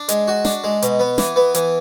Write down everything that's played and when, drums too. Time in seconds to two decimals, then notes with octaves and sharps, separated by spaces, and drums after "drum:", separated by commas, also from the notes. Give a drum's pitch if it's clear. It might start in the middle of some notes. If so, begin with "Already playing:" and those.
Already playing: D4
0.09 G#3, drum: hi-hat
0.28 F#4
0.45 D4, drum: snare
0.64 G#3
0.82 B2, drum: hi-hat
1.00 B3
1.18 E3, drum: snare
1.36 B3
1.55 E3, drum: hi-hat